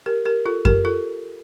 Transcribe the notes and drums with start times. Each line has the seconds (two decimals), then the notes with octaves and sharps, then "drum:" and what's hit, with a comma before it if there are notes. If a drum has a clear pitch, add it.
0.06 G4 A#4
0.25 G4 A#4
0.46 F4 A4
0.65 G4 A#4, drum: kick F#2
0.85 F4 A4